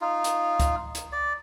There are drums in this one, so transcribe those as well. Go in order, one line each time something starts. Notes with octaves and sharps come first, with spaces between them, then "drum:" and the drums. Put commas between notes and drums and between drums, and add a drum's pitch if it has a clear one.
D#4 F4
drum: hi-hat
drum: kick C#2, hi-hat
drum: hi-hat
D5